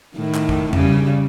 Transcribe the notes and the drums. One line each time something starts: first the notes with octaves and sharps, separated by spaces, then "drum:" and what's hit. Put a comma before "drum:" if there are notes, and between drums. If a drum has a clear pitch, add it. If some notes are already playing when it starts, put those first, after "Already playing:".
A2 D#3
drum: clap
drum: kick
C#3 G3, drum: tom E2